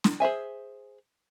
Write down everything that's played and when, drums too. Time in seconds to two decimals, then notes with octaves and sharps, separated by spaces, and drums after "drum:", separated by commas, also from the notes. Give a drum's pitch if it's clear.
0.04 drum: snare
0.20 G#4 C5 E5 G#5